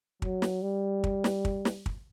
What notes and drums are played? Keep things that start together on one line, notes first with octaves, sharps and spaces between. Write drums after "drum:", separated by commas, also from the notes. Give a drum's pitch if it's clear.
F#3, drum: kick
drum: snare
G3
drum: kick
drum: snare
drum: kick
drum: snare
drum: kick